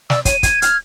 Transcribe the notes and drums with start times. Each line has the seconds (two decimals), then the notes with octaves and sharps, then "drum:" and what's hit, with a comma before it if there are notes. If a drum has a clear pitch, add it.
0.10 D5 E6, drum: snare
0.25 C#5 D#7, drum: kick, hi-hat
0.43 G#6, drum: kick, hi-hat
0.62 F6, drum: hi-hat